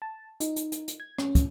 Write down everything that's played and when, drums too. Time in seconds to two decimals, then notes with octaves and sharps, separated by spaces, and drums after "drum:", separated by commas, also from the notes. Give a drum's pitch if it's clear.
0.02 A5
0.40 D#4, drum: hi-hat
0.56 drum: hi-hat
0.72 drum: hi-hat
0.88 drum: hi-hat
1.00 G#6
1.18 C#4, drum: rim click
1.35 drum: kick, hi-hat